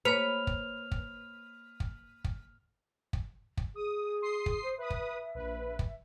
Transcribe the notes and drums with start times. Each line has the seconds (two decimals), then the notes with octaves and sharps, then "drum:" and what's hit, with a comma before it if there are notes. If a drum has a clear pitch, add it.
0.05 A#3 B4 C#5 F6 F7
0.47 drum: kick
0.91 drum: kick
1.80 drum: kick
2.24 drum: kick
3.13 drum: kick
3.57 drum: kick
3.75 G#4 D#6
4.22 C6 D#6 C7
4.46 drum: kick
4.63 C5
4.78 B4 E5 D#6
4.90 drum: kick
5.35 A#1 B4
5.79 drum: kick